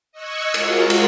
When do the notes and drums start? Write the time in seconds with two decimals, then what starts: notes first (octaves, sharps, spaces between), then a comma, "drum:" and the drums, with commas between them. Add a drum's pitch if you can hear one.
0.12 D#5 C#6 E6 F#6 G#6 C#7
0.54 G#3 F4 F#4 A#4, drum: cymbal
0.90 drum: cymbal